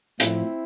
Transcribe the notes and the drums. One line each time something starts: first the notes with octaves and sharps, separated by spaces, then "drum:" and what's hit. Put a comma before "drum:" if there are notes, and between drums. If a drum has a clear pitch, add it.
A2 F3 C4 E4, drum: hi-hat